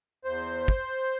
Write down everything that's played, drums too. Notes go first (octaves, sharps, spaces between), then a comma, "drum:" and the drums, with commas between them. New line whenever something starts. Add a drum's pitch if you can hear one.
E2 C5
drum: kick